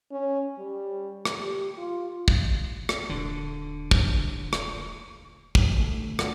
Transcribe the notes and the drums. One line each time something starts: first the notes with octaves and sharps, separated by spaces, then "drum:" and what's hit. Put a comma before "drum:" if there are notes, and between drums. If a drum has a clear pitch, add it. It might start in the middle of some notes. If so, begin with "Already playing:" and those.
C#4
G3
drum: rim click
G4
F4
drum: kick
drum: rim click
D#1 D3
drum: kick
drum: rim click
drum: kick
G1 D3 A3
D2 F#4, drum: rim click